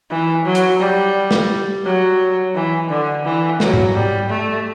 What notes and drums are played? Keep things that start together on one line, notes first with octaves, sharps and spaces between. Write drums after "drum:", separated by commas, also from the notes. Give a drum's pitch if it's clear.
E3
F#3
drum: hi-hat
G3
drum: snare
F#3
E3
D3
E3
F#3, drum: snare
drum: tom G#2
G3
A3